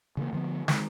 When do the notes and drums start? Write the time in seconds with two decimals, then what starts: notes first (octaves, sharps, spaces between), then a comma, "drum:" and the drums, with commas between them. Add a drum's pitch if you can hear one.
0.17 C#3 E3 A#3
0.33 D3 F3 A3 B3
0.68 D#3 G#3, drum: snare